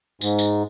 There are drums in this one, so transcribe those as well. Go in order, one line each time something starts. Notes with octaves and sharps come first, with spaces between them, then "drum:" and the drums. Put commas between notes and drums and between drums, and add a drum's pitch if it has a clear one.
G#2, drum: tambourine
drum: tambourine